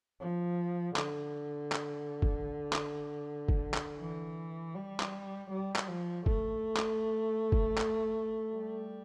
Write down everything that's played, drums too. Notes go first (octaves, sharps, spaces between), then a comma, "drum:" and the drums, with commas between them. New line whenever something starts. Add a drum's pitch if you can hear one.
F3
D3, drum: clap
drum: clap
drum: kick
drum: clap
drum: kick
drum: clap
E3
G3
drum: clap
G3
drum: clap
F3
A3, drum: kick
drum: clap
drum: kick
drum: clap
G3